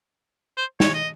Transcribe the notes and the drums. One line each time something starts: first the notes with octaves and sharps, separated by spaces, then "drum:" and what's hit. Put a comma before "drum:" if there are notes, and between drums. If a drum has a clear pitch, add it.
C5
C#5, drum: snare
D#5